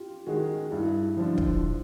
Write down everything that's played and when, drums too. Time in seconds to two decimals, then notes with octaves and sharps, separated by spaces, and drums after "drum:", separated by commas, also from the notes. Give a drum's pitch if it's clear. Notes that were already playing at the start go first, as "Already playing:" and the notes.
Already playing: F4 G4
0.26 D#3 G#3 F#4 G#4
0.71 G2 E4 F#4
1.17 D3 F3
1.38 drum: kick